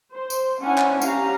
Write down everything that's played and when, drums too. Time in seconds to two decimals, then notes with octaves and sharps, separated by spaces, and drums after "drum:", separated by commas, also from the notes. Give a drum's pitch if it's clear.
0.13 C5
0.30 drum: tambourine
0.61 C#4 D4 E4 F#5 G#5
0.78 drum: clap
1.02 C#4 G4 F5 A#5, drum: tambourine